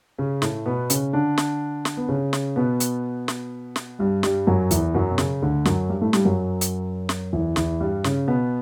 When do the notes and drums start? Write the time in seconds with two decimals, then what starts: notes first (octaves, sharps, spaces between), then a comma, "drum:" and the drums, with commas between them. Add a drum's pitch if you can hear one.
0.18 C#3 C#4
0.42 A2 A3, drum: snare
0.66 B2 B3
0.90 C#3 C#4, drum: hi-hat
1.13 D3 D4
1.38 drum: snare
1.85 drum: snare
1.97 B3
2.09 C#3 C#4
2.33 drum: snare
2.56 B2 B3
2.80 drum: hi-hat
3.28 drum: snare
3.76 drum: snare
3.99 G2 G3
4.23 G2 G3, drum: snare
4.47 F#2 F#3
4.71 E2 E3, drum: hi-hat
4.95 F#2 F#3
5.10 B2
5.18 C#3, drum: snare
5.42 D2 D3
5.65 F#2 F#3, drum: snare
5.89 G2 G3
6.01 A2 A3
6.13 G2 G3, drum: snare
6.25 F#2 F#3
6.61 drum: hi-hat
7.09 drum: snare
7.33 E2 E3
7.56 E2 E3, drum: snare
7.80 G2 G3
8.04 C#3 C#4, drum: snare
8.28 B2 B3